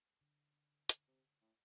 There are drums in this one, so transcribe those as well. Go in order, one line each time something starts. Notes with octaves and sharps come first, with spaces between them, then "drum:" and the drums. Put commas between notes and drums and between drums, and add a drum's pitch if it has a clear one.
D3
drum: hi-hat
C3
A2